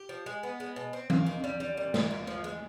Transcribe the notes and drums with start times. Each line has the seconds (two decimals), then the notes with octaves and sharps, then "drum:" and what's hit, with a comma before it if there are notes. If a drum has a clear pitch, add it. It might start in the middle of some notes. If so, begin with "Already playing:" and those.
Already playing: G4
0.09 F3
0.26 G#3
0.43 B3
0.60 G#3
0.76 B2
0.93 C4
1.10 A#3, drum: tom F3
1.26 D#3
1.44 G3
1.60 G3
1.77 A#2
1.94 A#3, drum: snare
2.11 A#3
2.27 F3
2.44 G#3